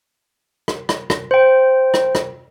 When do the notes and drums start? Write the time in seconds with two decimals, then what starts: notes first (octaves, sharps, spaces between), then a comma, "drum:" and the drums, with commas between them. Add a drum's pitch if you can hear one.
0.68 drum: rim click
0.89 drum: rim click
1.10 drum: rim click
1.31 C5 G5
1.94 drum: rim click
2.15 drum: rim click